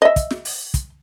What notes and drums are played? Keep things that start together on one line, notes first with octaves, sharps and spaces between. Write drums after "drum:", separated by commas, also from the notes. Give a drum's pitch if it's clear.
D#5 E5
drum: kick, hi-hat
drum: snare
drum: open hi-hat
drum: kick, hi-hat